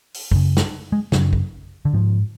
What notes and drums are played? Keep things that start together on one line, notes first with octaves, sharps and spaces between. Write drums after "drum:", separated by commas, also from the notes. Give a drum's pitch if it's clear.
drum: open hi-hat
F#2 C#3, drum: kick
drum: snare
G#3
F#2 C#3 F#3, drum: snare
drum: kick
D3
G#2 F3